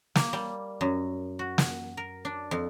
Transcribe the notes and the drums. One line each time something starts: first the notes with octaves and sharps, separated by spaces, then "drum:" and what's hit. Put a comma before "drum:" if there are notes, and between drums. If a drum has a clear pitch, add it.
A#3, drum: snare
G3
F#2
F#4
F#5, drum: snare
A#4
D4
F2